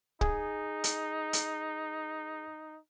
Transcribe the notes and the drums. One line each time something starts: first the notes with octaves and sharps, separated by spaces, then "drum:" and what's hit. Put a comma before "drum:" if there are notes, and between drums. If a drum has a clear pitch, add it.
D#4 G#4, drum: kick
drum: hi-hat
drum: hi-hat